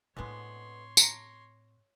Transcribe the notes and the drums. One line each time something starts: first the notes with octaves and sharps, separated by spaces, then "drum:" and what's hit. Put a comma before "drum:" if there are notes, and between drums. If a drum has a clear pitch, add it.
A2 D3 G#3 B3 C4 C#5 C6
A5 A#5, drum: tambourine